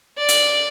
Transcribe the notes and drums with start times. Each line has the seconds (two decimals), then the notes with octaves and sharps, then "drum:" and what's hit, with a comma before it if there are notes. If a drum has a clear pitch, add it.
0.18 D5
0.29 drum: hi-hat